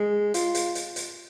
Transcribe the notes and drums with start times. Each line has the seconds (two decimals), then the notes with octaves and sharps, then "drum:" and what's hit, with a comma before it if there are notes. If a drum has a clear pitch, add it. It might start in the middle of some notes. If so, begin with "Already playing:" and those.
Already playing: G#3
0.34 F4, drum: hi-hat
0.55 drum: hi-hat
0.75 drum: hi-hat
0.96 drum: hi-hat